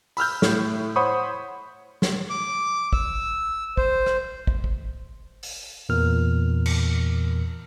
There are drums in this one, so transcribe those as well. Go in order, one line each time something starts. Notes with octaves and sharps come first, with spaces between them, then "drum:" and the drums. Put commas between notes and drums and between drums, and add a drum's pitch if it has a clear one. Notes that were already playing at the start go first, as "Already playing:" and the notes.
B5 E6 F6 G6, drum: open hi-hat
A2, drum: snare
C5 C#5 F#5 B5 C#6 D#6
drum: snare
D6
E6, drum: kick
C5, drum: kick
drum: rim click
drum: kick
drum: kick
drum: open hi-hat
E2 A#2 E3 A#4 F6
drum: cymbal